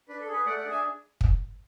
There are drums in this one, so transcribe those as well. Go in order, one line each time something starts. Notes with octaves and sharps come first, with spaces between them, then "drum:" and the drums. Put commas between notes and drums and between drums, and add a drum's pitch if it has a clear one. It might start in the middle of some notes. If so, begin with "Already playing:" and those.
D4 B4
A4
G#4
B4
A3 D5 F#5
D5 F#5
D4 G#4
E5 G#5
drum: kick